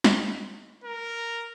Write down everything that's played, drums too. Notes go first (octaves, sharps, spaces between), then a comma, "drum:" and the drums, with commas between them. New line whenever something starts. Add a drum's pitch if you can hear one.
drum: snare
A#4